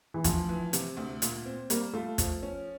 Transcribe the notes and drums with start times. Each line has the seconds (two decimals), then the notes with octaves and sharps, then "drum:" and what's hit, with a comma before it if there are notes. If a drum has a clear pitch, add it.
0.14 E3
0.24 D2 F3, drum: kick, hi-hat
0.49 E3
0.73 C3, drum: hi-hat
0.97 D2
1.22 A#2, drum: hi-hat
1.46 C4
1.70 G3 A#3, drum: hi-hat
1.93 A3 F4
2.18 F3, drum: kick, hi-hat
2.43 C#4